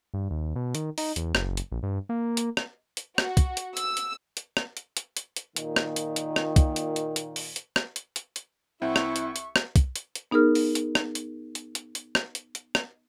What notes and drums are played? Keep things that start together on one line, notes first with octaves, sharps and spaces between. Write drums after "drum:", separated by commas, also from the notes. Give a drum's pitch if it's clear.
G2
D#2
B2
D#3, drum: hi-hat
D#4, drum: open hi-hat
E2, drum: hi-hat
F#1, drum: rim click
drum: hi-hat
A#1
G2
A#3
drum: hi-hat
drum: rim click
drum: hi-hat
F#4, drum: rim click
drum: kick, hi-hat
drum: hi-hat
E6, drum: hi-hat
drum: hi-hat
drum: hi-hat
drum: rim click
drum: hi-hat
drum: hi-hat
drum: hi-hat
drum: hi-hat
A#2 D#3, drum: hi-hat
drum: rim click
drum: hi-hat
drum: hi-hat
drum: rim click
drum: kick, hi-hat
drum: hi-hat
drum: hi-hat
drum: hi-hat
drum: open hi-hat
drum: hi-hat
drum: rim click
drum: hi-hat
drum: hi-hat
drum: hi-hat
C2 C4 E4 E5 F#5 C#6
drum: rim click
drum: hi-hat
drum: hi-hat
drum: rim click
drum: kick, hi-hat
drum: hi-hat
drum: hi-hat
B3 D#4 G#4 A#4 F6
drum: open hi-hat
drum: hi-hat
drum: rim click
drum: hi-hat
drum: hi-hat
drum: hi-hat
drum: hi-hat
drum: rim click
drum: hi-hat
drum: hi-hat
drum: rim click